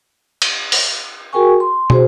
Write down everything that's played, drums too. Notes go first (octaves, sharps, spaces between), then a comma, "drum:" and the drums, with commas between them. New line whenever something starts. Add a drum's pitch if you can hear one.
drum: cymbal
drum: open hi-hat
F#4 G#4 A#4 G5 G#5 C#6
C6
F#4 G#4 C5, drum: tom